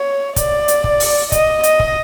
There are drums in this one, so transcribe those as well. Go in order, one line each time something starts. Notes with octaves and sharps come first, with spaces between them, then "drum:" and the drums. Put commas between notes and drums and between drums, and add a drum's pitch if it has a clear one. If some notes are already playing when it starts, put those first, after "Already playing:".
Already playing: C#5
D5, drum: kick, hi-hat
drum: hi-hat
drum: kick
drum: open hi-hat
D#5, drum: kick, hi-hat
D#5, drum: hi-hat
drum: kick